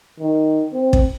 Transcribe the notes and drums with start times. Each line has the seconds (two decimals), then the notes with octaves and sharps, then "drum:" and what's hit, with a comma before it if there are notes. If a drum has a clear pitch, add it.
0.20 D#3
0.73 C4
0.93 drum: kick